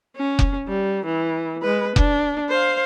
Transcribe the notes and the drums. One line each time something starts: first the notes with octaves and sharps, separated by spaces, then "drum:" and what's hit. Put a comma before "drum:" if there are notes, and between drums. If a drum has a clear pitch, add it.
C#4
drum: kick F1
G3
E3
G#3 B4
D4, drum: kick F1
C5 F5